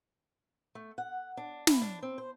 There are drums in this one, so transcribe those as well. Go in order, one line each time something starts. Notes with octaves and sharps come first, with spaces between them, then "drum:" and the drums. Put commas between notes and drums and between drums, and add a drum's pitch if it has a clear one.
A3
F#5
D4
E4, drum: snare
D4
C4
C5